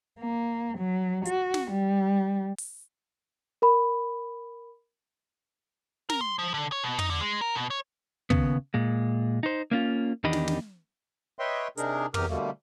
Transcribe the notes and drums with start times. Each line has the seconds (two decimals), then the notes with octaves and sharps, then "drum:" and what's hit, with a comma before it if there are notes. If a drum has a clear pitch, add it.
0.19 A#3
0.78 F#3
1.25 F#4, drum: hi-hat
1.54 drum: snare
1.71 G3
2.58 drum: open hi-hat
3.62 A#4 B5
6.10 A#4, drum: snare
6.21 C6
6.39 F3
6.54 D3
6.72 C#5
6.84 B2
6.99 D#4, drum: tom
7.10 D3
7.21 G#3
7.41 A#4
7.55 B2
7.70 C#5
8.30 D#2 C#3 B3, drum: kick
8.74 A#2 G#3
9.43 D#4 C5
9.71 A#3 C#4 F4
10.24 E2 D#3 D4 G4 D#5 B5
10.33 drum: snare
10.48 drum: snare
11.38 B4 C#5 D#5 E5 G5 C6
11.77 C3 D4 D#4 G#4 A#4, drum: hi-hat
12.14 E2 C3 G4 A#4 D#6 F6, drum: tom
12.30 B2 D3 G3 A3 A#3